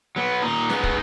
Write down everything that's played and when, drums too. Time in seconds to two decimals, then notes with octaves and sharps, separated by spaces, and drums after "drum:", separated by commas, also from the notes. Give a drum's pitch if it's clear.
0.16 F#3 B3
0.43 A#2 D#4
0.70 G#3 B3, drum: snare
0.83 drum: kick